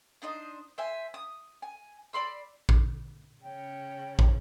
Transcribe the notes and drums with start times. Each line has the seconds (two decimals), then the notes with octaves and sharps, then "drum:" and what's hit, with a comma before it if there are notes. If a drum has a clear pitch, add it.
0.22 D4 D#4 C5 D#5
0.78 C5 E5 G#5
1.14 D#6
1.62 G#5
2.13 D5 B5 C6 E6
2.69 drum: kick
3.44 C#3 C#4 G5
4.19 drum: kick